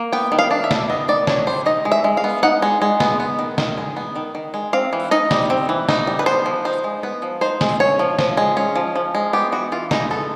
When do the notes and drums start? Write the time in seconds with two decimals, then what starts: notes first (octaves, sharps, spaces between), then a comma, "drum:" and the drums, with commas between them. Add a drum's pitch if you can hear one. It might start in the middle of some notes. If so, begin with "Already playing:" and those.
Already playing: A#3
0.13 B3 G5
0.32 D#3
0.39 F5
0.51 D4
0.64 E5
0.71 G3, drum: snare
0.89 B3 D#5
1.08 D#3 D5
1.27 D4 C#5, drum: snare
1.47 G3 C5
1.66 D#4 D#5
1.85 G#3
1.92 E5
2.04 G#3
2.17 F5
2.24 B3
2.43 D#4 F#5
2.62 G#3
2.82 G#3
3.00 B3, drum: snare
3.20 B3
3.39 D#3
3.58 D#3, drum: snare
3.78 G#3
3.97 B3
4.16 D#3
4.35 D#3
4.54 G#3
4.73 C4 F5
4.93 E3
5.11 D#4 D#5
5.31 G3, drum: snare
5.50 C4
5.69 E3
5.89 D#4, drum: snare
6.07 G3
6.19 B4
6.26 B3 C5
6.46 F3
6.65 D#4 C5
6.84 G#3
7.03 B3 B4
7.22 F3
7.41 D#4 C5
7.61 G#3, drum: snare
7.80 C#4 C#5
7.99 F3
8.19 F3, drum: snare
8.37 G#3
8.57 C#4
8.75 F3
8.96 F3
9.15 G#3
9.33 B3 G4
9.52 E3 F#4
9.72 E3 F4
9.91 G#3 D#4, drum: snare
10.11 B3 A4